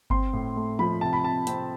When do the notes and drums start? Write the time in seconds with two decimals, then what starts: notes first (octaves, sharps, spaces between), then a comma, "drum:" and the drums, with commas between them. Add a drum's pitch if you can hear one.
0.10 C4 C6, drum: kick G1
0.33 A2
0.56 A3
0.79 F3 B5
1.01 C3 A5
1.13 B5
1.24 C3 A5
1.47 C4, drum: hi-hat